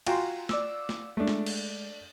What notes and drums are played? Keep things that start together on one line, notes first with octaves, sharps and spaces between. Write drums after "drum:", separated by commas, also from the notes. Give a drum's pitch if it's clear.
F4 F#4 G5 G#5 A#5 C6, drum: cymbal
D5 D6 E6, drum: snare
drum: snare
G#3 A3 D4
drum: snare
drum: cymbal